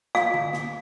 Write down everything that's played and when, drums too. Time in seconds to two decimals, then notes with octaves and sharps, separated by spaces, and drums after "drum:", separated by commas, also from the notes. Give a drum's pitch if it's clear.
0.15 F5, drum: snare
0.34 drum: tom D3
0.53 drum: snare